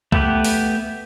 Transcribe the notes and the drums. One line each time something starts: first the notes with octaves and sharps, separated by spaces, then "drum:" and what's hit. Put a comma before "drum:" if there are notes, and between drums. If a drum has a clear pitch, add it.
A3 B3 G4 B4, drum: kick C2
drum: open hi-hat